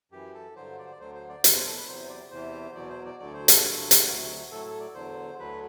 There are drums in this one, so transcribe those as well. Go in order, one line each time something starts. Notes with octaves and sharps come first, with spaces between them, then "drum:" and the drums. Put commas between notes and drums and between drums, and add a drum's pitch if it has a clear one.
F#2 E3 G4
A4
G2 D3 F#3 C5
D5
C5
D5
D2 D3 F#3 C5
C5
D5
E2 B2 F#3, drum: hi-hat
C5
A4
B4
E2 C3 F#3 C5
D5
E2 C3 E3 C5
E2 B2 F#3 D5
C5
D5
D2 D3 F#3 D5
C5
A4, drum: hi-hat
G2 D3 F#3
drum: hi-hat
D2 C3 F#3
A2 F#3 A4
A4
D5
E2 D3 F#3 C5
D2 D3 F#3 B4